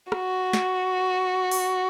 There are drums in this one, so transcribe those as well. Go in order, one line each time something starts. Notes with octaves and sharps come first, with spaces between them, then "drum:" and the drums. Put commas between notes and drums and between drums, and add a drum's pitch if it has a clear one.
F#4, drum: rim click
drum: snare
drum: open hi-hat